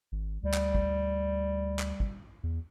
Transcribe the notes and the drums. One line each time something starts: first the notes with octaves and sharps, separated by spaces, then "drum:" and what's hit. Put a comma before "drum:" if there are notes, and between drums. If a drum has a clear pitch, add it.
G#1
D2 G3
drum: clap
drum: kick
drum: clap
drum: kick
E2